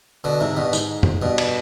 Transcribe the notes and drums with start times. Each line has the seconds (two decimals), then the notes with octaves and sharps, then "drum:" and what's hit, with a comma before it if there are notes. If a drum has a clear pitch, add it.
0.24 B2 D3
0.40 G#2 C3
0.57 G2 B2
0.73 G#2, drum: tambourine
1.03 drum: tom F2
1.22 G2 B2
1.38 drum: cymbal